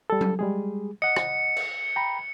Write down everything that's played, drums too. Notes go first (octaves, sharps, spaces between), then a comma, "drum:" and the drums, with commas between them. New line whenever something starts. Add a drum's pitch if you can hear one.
G3 A4
drum: tom F#3
G3 G#3 G#4
D#5 F#5 C#7
drum: rim click
drum: cymbal
G5 A#5 B5